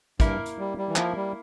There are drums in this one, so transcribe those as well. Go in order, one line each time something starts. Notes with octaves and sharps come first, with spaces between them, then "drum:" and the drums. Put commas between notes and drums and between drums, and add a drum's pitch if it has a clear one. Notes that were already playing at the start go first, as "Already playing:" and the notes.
G2 A#3 E4 A#4, drum: kick, hi-hat
drum: hi-hat
G3
G3
E3
F3 A#3 E4 A#4, drum: clap
G3